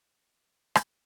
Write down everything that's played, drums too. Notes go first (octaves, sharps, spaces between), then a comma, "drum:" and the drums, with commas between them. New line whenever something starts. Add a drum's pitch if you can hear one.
A#3 D4
drum: rim click